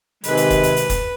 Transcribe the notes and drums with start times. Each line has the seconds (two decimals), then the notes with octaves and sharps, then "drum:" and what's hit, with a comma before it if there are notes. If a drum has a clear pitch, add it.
0.24 C3 D#3 G#3 B4, drum: hi-hat
0.37 drum: hi-hat
0.50 drum: kick, hi-hat
0.63 drum: hi-hat
0.76 drum: hi-hat
0.90 drum: kick, hi-hat